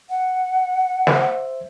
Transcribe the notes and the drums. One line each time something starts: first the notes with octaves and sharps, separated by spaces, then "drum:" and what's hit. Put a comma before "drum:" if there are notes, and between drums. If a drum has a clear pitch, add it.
F#5
C5 E5, drum: snare